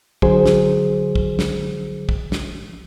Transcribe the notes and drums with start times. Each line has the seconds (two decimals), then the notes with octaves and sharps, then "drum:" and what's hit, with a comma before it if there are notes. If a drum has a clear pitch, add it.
0.22 D3 F#3 G#4 C5, drum: kick
0.46 drum: snare
1.15 drum: kick
1.39 drum: snare
2.09 drum: kick
2.32 drum: snare